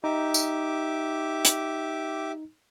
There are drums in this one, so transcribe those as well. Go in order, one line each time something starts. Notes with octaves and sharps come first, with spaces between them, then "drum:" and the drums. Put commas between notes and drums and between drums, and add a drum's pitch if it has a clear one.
D#4 G4 E5 D6
drum: tambourine
drum: hi-hat